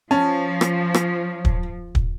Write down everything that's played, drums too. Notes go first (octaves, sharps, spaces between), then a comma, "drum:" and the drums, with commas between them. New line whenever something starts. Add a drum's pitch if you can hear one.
F3 C#4 A5
drum: rim click
drum: rim click
drum: kick
drum: kick